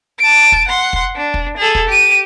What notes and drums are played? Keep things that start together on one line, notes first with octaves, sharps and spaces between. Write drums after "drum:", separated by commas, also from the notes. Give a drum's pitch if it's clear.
A5 D7
drum: kick
F#5 C6
drum: kick
D4
drum: kick
G#4 A4
drum: kick
G4 D#7